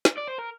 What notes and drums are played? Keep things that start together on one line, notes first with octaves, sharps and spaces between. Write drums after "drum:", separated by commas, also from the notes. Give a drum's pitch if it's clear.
drum: snare
D5
C5
A#4